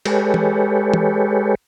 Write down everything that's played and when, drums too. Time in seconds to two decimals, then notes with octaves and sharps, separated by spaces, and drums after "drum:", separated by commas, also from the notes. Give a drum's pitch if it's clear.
0.06 G#3 G4 A4 B4 C#5, drum: cymbal
0.34 drum: tom E3
0.94 drum: tom E3